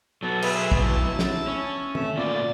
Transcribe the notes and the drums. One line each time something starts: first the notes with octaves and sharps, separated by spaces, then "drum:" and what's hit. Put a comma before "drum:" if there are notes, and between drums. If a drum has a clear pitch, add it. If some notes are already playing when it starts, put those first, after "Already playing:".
F#3 B3 A4
G#4 B4 E5, drum: cymbal
drum: kick
E4 A5
drum: snare
C#4
A3 E5, drum: tom
A#2 B3 F4 D5